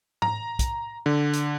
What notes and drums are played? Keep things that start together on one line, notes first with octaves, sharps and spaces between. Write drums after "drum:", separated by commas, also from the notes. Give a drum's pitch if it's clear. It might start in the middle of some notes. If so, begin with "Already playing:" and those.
A#5, drum: tom
drum: kick, hi-hat
D3
drum: hi-hat